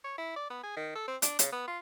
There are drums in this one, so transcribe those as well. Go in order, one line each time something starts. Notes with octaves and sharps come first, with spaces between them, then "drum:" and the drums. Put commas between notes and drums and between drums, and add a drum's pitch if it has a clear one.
C#5
E4
D5
B3
G#4
D#3
A4
C4
D4, drum: hi-hat
C#3, drum: hi-hat
B3
F4